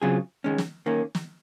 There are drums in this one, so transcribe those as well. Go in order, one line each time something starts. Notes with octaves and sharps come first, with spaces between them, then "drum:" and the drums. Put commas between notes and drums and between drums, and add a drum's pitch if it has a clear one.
C#3 F#3 C4 F4 G#4
D#3 G#3 C#4
drum: snare
D#3 A#3 C#4
drum: snare